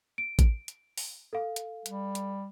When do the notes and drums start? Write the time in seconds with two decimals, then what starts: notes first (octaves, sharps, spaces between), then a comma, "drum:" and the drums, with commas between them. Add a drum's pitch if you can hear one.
0.18 D7
0.39 drum: kick A1, hi-hat
0.68 drum: hi-hat
0.98 drum: open hi-hat
1.33 A4 F5
1.56 drum: hi-hat
1.86 G3, drum: hi-hat
2.15 drum: hi-hat